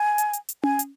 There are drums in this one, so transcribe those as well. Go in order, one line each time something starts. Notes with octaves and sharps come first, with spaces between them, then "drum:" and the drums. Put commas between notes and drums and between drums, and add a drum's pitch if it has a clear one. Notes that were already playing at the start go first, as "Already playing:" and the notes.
Already playing: G#5
drum: hi-hat
drum: hi-hat
drum: hi-hat
G#5, drum: tom C#4
drum: hi-hat